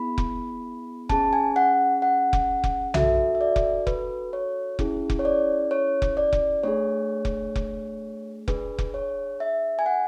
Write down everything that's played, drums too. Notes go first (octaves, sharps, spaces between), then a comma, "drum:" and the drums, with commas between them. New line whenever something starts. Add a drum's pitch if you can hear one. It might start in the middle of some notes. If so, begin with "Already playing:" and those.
Already playing: B3 E4 G#4 B5
drum: kick F1
C#4 G#4 A5, drum: kick F1
G#5
F#5
F#5
drum: kick F1
drum: kick F1
D4 F#4 A4 E5, drum: tom B1
E5
D5
drum: kick F1
B4, drum: kick F1
C#5
C#4 E4 G#4, drum: kick F1
drum: kick F1
C#5
D5
C#5
drum: kick F1
D5
drum: kick F1
A3 D4 G#4 C#5
drum: kick F1
drum: kick F1
D4 G#4 B4, drum: kick F1
drum: kick F1
C#5
E5
G#5
F#5